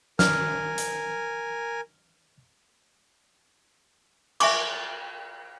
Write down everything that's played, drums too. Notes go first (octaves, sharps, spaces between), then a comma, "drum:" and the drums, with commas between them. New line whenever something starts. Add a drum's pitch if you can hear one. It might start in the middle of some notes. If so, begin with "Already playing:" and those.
A#4 G#5 F6, drum: snare
drum: hi-hat
E5 G#5 C#6 D6, drum: cymbal